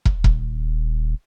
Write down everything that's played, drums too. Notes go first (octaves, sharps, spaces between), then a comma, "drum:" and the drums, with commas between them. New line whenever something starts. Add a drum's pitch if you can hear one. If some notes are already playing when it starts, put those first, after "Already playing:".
drum: kick
D#1, drum: kick